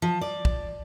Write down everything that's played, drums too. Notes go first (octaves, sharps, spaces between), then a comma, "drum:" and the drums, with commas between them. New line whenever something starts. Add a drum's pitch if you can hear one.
F3
D5
drum: kick